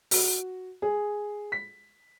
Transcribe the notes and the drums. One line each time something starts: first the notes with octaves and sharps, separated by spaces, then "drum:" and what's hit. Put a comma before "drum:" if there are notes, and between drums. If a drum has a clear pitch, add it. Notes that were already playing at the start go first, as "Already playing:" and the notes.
F#4, drum: open hi-hat
G#4
B6